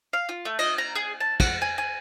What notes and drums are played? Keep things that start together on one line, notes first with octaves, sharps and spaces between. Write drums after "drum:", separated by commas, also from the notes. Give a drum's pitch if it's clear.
F5
F4
A3
D#5, drum: cymbal
A#5
G#4
A5
F#5, drum: kick, cymbal
G#5
G#5